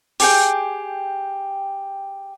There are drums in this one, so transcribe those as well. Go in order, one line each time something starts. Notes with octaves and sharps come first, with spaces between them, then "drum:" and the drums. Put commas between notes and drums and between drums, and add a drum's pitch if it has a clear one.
G4 G#4 G5, drum: open hi-hat